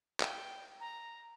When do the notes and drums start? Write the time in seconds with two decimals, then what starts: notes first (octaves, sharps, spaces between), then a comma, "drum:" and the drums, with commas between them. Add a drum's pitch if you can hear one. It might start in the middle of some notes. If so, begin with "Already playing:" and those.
0.20 G5, drum: clap
0.80 A#5